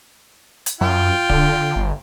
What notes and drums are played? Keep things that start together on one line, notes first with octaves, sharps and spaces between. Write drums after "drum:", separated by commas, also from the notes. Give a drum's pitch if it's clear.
drum: hi-hat
F#2 F4 G5
D3, drum: kick D1
G1